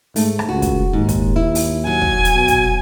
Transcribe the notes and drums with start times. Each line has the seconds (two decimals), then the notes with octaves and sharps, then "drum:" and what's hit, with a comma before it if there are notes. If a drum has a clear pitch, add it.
0.16 G#2 A3, drum: open hi-hat
0.39 drum: rim click
0.49 C#2 F#4
0.62 drum: kick, hi-hat
0.93 D#2 G#2
1.09 drum: kick, hi-hat
1.36 E4
1.55 drum: open hi-hat
1.87 F#3 G#5
2.01 drum: kick
2.25 drum: hi-hat
2.35 B2
2.48 drum: kick, hi-hat